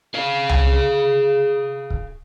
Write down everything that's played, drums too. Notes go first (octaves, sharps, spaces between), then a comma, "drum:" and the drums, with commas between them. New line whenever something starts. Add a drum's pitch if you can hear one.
G#4 F5
drum: tom C2
drum: kick